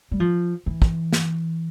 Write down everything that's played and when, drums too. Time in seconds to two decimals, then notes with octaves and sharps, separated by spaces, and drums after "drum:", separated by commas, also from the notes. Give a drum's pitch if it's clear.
0.11 G3
0.20 F3
0.66 E3
0.82 drum: kick
1.13 drum: snare